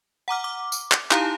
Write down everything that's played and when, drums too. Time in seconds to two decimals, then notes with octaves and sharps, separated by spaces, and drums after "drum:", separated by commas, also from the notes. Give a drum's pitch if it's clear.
0.28 F#5 A#5 D6 F6
0.44 D6
0.72 drum: tambourine
0.92 drum: clap
1.11 D#4 E4 G4 F5 A5 A#5, drum: clap